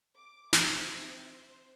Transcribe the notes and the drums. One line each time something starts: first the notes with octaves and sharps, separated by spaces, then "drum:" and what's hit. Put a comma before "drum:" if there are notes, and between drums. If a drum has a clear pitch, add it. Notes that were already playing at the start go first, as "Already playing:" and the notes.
D6
C4 E5, drum: snare
C5